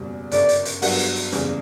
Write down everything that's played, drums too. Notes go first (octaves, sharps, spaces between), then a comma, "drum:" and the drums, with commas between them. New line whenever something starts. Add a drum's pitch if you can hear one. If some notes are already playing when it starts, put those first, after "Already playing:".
Already playing: F#1 E2 B2 G3
G1 F#2 C#3 D5, drum: hi-hat
drum: hi-hat
drum: hi-hat
G2 F#3 B3 F#4 F#5, drum: open hi-hat
drum: hi-hat
drum: hi-hat
F#1 E2 C#3 E3 G3, drum: hi-hat